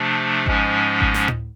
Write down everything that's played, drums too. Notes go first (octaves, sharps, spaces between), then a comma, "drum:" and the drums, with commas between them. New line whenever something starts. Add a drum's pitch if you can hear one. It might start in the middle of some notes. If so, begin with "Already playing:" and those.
Already playing: C3 F3 A3 D4
G#2 F3 G#3 C#4, drum: kick G#1
drum: kick G#1
drum: snare
drum: tom A2